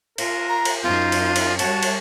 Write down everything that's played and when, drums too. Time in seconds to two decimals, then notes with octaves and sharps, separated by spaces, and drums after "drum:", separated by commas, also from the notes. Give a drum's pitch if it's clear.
0.18 F4 A#4, drum: cymbal
0.49 A#5
0.65 drum: cymbal
0.83 F#2 D#4 F4 C5
1.12 drum: cymbal
1.36 drum: cymbal
1.59 G3 F#4 C#5 A5, drum: cymbal
1.83 drum: cymbal